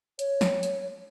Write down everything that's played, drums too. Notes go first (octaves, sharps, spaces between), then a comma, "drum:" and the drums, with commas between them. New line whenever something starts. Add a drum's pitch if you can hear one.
C#5, drum: hi-hat
drum: snare
drum: hi-hat